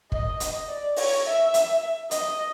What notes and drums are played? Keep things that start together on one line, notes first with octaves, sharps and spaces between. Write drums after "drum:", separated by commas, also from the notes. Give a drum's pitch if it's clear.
D#5, drum: kick
drum: hi-hat
D5
C#5, drum: open hi-hat
E5
drum: hi-hat
D#5, drum: hi-hat